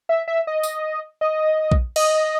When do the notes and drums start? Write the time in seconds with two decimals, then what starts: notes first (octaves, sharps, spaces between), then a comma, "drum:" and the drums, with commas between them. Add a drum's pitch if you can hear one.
0.09 E5
0.28 E5
0.47 D#5
0.63 drum: tambourine
1.21 D#5
1.72 drum: kick A#1
1.96 D#5, drum: cymbal